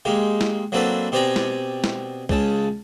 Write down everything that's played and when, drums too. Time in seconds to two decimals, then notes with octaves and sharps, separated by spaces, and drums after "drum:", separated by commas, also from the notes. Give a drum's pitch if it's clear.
0.05 G#3 A#3 G4
0.41 drum: snare
0.72 F#3 A#3 C4 D4 A4 B4
1.12 B2 C4 G4 D5 G#5 A#5
1.36 drum: snare
1.84 drum: snare
2.29 C#2 C#3 A5, drum: kick